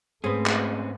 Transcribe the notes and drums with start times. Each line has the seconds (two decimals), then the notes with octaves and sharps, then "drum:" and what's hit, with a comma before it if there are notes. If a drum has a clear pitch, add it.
0.24 G#2 A3 C4 C#4 G#4 B4
0.46 drum: clap